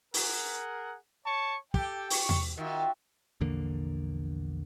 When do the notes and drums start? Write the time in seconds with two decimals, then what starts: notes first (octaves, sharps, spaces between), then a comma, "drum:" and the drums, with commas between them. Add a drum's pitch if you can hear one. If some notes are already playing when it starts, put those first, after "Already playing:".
0.14 G#4 A#4 F#5, drum: open hi-hat
1.26 C#5 A5 C#6
1.74 G4 A4 G5, drum: kick
2.10 C#6, drum: open hi-hat
2.29 drum: tom E2
2.57 D#3 F4 F#4 E5
3.41 A#1 E2 D3 A#3